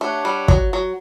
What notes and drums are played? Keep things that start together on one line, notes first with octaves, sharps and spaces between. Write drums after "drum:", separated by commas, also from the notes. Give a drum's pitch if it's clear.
A3 D4 G4 C#5 F#5
G3
F#3, drum: kick
F#3